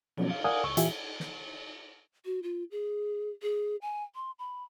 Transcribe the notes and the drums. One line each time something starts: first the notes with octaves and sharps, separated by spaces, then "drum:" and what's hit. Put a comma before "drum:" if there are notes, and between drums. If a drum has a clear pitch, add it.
B2 F3 F#3 B3 C#4, drum: cymbal
F5
A#4 D5 F5 F#5 G#5 D#6
C#2 C#6 E6
A#2 E3 F4 G4 E5 G#5, drum: hi-hat
drum: snare
F#4
F4
G#4
G#4
G#5
C6
B5